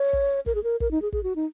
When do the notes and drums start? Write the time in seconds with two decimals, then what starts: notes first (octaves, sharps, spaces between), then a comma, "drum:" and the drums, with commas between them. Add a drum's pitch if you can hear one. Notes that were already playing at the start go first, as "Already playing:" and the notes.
Already playing: C#5
0.13 drum: kick
0.46 A#4, drum: kick
0.55 G#4
0.63 A#4
0.80 A#4, drum: kick
0.91 D#4
1.02 G#4
1.13 G#4, drum: kick
1.23 F#4
1.36 D#4